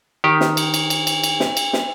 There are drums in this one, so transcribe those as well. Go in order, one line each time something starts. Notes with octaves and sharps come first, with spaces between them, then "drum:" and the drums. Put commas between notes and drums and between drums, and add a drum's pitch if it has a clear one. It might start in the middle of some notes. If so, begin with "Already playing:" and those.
D#3 G4
drum: snare
drum: cymbal
drum: cymbal
drum: cymbal
drum: cymbal
drum: cymbal
drum: snare
drum: cymbal
drum: snare